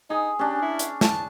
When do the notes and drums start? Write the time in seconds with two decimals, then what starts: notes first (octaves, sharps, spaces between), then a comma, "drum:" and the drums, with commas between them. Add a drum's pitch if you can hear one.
0.10 D#4 G#4
0.39 C#4 D4 G4
0.62 E4
0.79 drum: hi-hat
1.01 A5, drum: snare